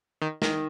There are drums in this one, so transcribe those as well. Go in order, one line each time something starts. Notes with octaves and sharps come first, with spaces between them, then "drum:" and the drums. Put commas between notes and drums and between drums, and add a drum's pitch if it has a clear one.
D#3
D#3, drum: snare